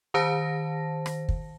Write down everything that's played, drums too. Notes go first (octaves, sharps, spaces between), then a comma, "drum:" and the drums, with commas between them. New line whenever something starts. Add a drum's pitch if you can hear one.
D#3 C5 A5 A#6
drum: rim click
drum: kick